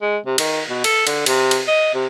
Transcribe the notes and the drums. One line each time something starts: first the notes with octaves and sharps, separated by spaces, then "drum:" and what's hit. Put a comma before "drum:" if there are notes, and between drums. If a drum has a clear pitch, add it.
G#3
C3
D#3, drum: cymbal
B2
A4, drum: cymbal
D3, drum: cymbal
C3, drum: cymbal
drum: cymbal
D#5
C3